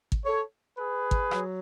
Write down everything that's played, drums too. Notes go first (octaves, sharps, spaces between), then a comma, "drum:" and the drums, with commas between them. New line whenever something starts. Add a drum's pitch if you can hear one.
drum: kick
A4 C#5
G#4 B4
drum: kick
F#3, drum: rim click